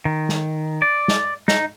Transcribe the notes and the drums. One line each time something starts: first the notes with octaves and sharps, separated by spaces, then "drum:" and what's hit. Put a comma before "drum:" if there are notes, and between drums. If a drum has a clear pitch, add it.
D#3
drum: snare
D5
drum: snare
D#4, drum: snare